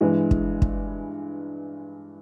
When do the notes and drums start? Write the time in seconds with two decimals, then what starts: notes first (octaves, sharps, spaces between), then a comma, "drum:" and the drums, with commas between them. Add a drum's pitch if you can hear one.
0.01 G2 E3 G#3
0.31 drum: kick
0.62 drum: kick